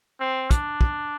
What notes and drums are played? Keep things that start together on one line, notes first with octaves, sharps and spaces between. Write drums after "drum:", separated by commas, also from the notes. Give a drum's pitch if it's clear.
C4
D4, drum: kick, hi-hat
drum: kick